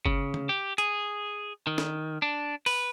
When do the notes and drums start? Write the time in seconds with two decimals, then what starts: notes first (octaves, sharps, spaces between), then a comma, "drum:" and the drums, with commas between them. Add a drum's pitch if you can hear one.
0.06 C#3, drum: kick F#1
0.34 drum: tom C#3
0.49 G4
0.78 G#4, drum: hi-hat
1.67 D#3
1.78 drum: snare
2.22 D4
2.66 B4, drum: open hi-hat